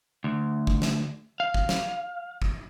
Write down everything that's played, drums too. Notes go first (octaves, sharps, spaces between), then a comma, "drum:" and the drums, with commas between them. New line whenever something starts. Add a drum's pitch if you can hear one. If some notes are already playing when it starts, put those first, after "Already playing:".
D2
drum: kick
drum: snare
F5
drum: kick
drum: snare
drum: kick